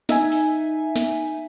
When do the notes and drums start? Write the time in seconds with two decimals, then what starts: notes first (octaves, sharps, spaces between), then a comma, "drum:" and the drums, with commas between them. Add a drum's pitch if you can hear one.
0.09 D#4 E5 G#5, drum: snare
0.32 drum: open hi-hat
0.96 drum: snare